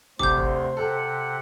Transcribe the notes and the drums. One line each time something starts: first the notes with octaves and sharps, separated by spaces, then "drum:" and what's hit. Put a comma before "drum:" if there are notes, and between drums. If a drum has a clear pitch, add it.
D2 C3 C5 D6 G6, drum: kick
drum: kick
C3 A4 F#5